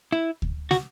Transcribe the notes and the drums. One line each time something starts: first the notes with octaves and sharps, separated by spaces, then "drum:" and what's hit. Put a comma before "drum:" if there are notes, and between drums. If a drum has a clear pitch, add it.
E4
drum: kick D2
F#4, drum: snare